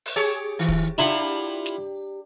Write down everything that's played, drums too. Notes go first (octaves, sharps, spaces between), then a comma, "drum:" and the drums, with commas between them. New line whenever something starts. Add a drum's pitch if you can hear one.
drum: open hi-hat
G4 G#4 C#5
D#3
drum: kick
D4 E4 F4 G4 F#5
drum: snare